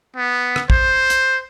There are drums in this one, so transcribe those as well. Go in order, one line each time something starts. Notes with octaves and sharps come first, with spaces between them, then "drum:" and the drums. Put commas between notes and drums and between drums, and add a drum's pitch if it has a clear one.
B3
drum: rim click
C5, drum: kick
drum: hi-hat